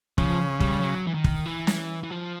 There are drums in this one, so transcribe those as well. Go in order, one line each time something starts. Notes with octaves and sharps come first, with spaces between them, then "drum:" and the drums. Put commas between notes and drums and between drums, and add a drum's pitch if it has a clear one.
C#3 F3, drum: kick
G3, drum: kick
F#3
E3
D#3
drum: kick
E3
drum: snare
E3
F3